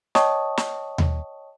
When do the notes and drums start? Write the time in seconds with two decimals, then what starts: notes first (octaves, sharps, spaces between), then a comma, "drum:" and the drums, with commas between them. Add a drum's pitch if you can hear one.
0.15 C#5 D#5 G5 A5 C#6 D#6, drum: snare
0.57 drum: snare
0.98 drum: tom D#2